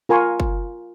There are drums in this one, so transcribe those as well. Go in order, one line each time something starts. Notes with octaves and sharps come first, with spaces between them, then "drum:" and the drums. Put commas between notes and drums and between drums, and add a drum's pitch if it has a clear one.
F4 A#4 G#5 C6 C#6
drum: kick F#1